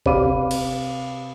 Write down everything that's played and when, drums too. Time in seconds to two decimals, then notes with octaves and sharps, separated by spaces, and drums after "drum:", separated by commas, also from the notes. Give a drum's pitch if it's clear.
0.06 C3 B4 F5 D6 D#7, drum: kick F#1
0.51 drum: cymbal